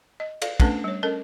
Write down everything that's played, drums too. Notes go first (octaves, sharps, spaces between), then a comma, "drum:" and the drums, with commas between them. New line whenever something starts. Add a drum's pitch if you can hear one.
D#5
A4 D5 F5, drum: cymbal
A3 B3 C#4 D4 A4 B4, drum: kick, cymbal
G3 C#5
C#4 A4 A#4 D#5 A5